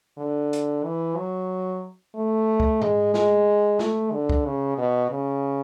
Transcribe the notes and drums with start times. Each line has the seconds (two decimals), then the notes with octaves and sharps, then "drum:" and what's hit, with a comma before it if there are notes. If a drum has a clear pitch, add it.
0.18 D3
0.53 drum: hi-hat
0.84 E3
1.17 F#3
2.15 A3
2.60 drum: kick
2.82 G#3, drum: tom G#2
3.14 G#3, drum: snare
3.79 A3, drum: snare
4.12 D3
4.29 drum: kick
4.45 C#3
4.78 B2
5.11 C#3